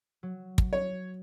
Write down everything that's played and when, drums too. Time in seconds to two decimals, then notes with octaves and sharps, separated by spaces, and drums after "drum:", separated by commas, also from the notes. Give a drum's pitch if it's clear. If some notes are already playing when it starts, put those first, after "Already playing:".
0.23 F#3
0.58 drum: kick
0.73 C#5